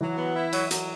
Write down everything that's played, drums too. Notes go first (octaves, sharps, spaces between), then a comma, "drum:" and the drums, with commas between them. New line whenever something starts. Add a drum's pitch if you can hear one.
E3 F#3
B3
E4
F#3, drum: cymbal
F#3, drum: hi-hat